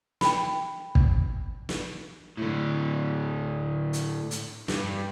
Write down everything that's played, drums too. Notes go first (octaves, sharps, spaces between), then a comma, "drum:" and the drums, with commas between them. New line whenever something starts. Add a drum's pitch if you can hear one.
G5 B5, drum: snare
drum: kick
drum: snare
A2 D3
drum: hi-hat
drum: hi-hat
G2, drum: snare